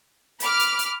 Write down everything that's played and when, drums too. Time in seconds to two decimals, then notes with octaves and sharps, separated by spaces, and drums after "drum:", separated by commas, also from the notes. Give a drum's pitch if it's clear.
0.40 B5 D6 F6, drum: hi-hat
0.59 drum: hi-hat
0.79 drum: hi-hat